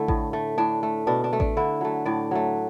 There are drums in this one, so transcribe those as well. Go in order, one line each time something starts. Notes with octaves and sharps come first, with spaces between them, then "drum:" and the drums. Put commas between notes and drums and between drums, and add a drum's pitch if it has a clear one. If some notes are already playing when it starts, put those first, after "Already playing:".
Already playing: D3 A3 E4
A2, drum: kick A1
A3
A2 D4
A3
B2 D4
D4
A3
D4, drum: kick A1
D3 E4
F#3 A3
A2 D5
F#3 A3